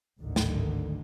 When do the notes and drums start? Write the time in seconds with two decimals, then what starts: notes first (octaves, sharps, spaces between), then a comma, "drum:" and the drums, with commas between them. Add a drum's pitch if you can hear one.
0.20 G#1 D2 A2 D3 D#3
0.36 drum: snare